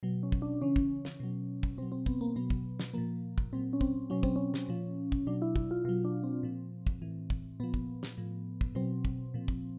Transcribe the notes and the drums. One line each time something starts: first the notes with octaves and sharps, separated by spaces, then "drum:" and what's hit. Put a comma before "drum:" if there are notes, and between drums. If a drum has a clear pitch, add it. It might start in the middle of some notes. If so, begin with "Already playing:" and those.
B2 F#3
C#4
drum: kick
D4
C#3 E3 C#4
drum: kick
drum: snare
B2 F#3
drum: kick
B2 F#3 C4
C4
B3, drum: kick
A#3
B2 F#3 B3
drum: kick
drum: snare
A#2 F3 A#3
drum: kick
A#2 F#3 C4
C#4
C4, drum: kick
B2 F#3 C#4
C4, drum: kick
C#4
drum: snare
A#2 F3
drum: kick
B2 F#3 D4
E4
E4, drum: kick
F4
B2 F#3 F4
D4
C4
A#2 F3
drum: kick
A2 E3
drum: kick
A#2 F3 B3
drum: kick
drum: snare
A2 F3
drum: kick
B2 F#3 C4
drum: kick
A#2 F3
drum: kick